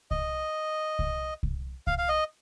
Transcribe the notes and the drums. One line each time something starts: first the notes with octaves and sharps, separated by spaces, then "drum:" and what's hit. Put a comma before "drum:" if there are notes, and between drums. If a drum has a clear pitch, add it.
D#5, drum: kick C2
drum: kick C2
drum: kick C2
F5, drum: kick C2
F5
D#5